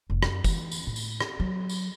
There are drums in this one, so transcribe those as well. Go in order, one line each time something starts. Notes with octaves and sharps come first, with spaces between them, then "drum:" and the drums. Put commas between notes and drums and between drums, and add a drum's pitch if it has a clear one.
F1
F#2, drum: rim click
E3, drum: kick, tambourine
drum: tambourine
A2
drum: tambourine
drum: rim click
F#3
drum: tambourine